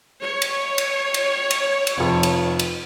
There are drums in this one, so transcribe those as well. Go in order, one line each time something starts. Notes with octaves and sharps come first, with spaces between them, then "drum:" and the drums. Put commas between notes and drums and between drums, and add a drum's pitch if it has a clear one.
C#5
drum: cymbal
drum: cymbal
drum: cymbal
drum: cymbal
drum: cymbal
F1 F2
drum: cymbal
drum: cymbal